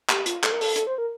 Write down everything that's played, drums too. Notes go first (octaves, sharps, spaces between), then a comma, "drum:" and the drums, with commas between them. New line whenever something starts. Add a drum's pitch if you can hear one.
G4, drum: clap
F4, drum: hi-hat
A4, drum: clap
A#4
A4, drum: open hi-hat
A4, drum: hi-hat
C5
A#4